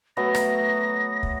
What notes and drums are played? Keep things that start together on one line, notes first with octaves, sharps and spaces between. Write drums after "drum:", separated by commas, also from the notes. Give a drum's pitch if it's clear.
F#3 A3 B3 A#6
drum: rim click
drum: kick